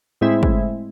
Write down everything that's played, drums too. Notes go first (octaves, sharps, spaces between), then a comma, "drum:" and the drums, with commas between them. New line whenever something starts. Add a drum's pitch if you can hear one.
A2 G#3 C4 E4
drum: kick